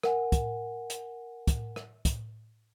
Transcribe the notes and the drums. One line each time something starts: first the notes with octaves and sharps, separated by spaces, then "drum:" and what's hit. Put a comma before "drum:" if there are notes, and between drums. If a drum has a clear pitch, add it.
A#4 F#5 G#5, drum: rim click
drum: kick, hi-hat
drum: hi-hat
drum: kick, hi-hat
drum: rim click
drum: kick, hi-hat